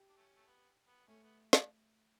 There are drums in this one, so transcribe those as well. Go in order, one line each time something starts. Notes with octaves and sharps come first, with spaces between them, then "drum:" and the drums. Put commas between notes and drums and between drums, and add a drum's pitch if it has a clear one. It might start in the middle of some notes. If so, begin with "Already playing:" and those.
Already playing: G4
D4
A3 C#4
A3
B3
B3
A3 C#4
B3
drum: snare